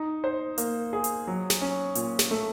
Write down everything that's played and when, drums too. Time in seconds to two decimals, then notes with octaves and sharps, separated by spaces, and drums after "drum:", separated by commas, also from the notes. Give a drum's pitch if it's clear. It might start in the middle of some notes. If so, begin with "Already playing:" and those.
Already playing: D#4
0.24 C5
0.58 A#3, drum: hi-hat
0.93 G#4
1.04 drum: hi-hat
1.27 F#3
1.50 drum: snare
1.61 C#4
1.95 A#2, drum: hi-hat
2.19 drum: snare
2.31 A3